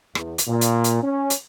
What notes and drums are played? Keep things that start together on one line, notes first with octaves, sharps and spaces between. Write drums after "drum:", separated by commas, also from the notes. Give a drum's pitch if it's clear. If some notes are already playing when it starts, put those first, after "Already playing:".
E2, drum: rim click
drum: hi-hat
A#2
drum: hi-hat
drum: hi-hat
C#4
drum: hi-hat